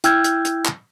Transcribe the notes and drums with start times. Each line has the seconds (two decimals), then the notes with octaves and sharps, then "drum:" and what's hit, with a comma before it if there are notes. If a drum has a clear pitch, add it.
0.04 E4 G5 E6 F6 G6 G#6, drum: hi-hat
0.24 drum: hi-hat
0.45 drum: hi-hat
0.65 drum: clap